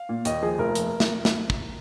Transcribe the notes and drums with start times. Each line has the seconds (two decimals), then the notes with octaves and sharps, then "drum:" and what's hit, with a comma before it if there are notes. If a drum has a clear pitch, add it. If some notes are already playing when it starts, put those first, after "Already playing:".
Already playing: F5
0.09 A#2
0.25 D#2 D#5, drum: hi-hat
0.42 F3 G#4
0.58 F1 A#4
0.75 drum: hi-hat
1.00 drum: snare
1.25 drum: snare
1.50 drum: kick